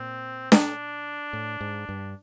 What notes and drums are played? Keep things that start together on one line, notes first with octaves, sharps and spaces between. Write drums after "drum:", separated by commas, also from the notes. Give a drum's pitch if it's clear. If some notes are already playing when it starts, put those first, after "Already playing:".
Already playing: A#2 C4
D4, drum: snare D4
A2
G#2
G2